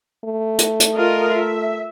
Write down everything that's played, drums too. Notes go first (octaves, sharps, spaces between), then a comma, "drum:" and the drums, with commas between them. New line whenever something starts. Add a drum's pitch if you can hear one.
A3
drum: hi-hat
drum: hi-hat
F4 A#4 D#5
E5